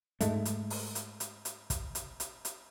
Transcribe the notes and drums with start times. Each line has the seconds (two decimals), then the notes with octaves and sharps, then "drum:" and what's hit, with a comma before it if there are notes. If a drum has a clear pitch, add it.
0.21 G#2 G#3 A3, drum: hi-hat
0.45 drum: hi-hat
0.70 drum: open hi-hat
0.95 drum: hi-hat
1.20 drum: hi-hat
1.45 drum: hi-hat
1.70 drum: kick, hi-hat
1.95 drum: hi-hat
2.20 drum: hi-hat
2.45 drum: hi-hat